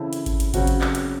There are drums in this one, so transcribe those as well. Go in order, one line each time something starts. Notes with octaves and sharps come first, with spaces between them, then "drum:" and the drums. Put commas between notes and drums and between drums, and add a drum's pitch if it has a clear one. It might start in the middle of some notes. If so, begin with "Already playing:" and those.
Already playing: C#3 E3 C4 E4 A4
drum: hi-hat
drum: kick G#1, hi-hat
drum: hi-hat
C#3 F#3 C4 F#4, drum: kick G#1, hi-hat
drum: hi-hat
drum: clap
drum: hi-hat